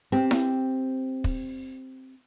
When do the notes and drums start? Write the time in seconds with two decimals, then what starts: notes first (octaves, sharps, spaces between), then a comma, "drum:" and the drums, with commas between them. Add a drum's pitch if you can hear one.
0.12 C4 G4
0.31 drum: snare E4
1.24 drum: kick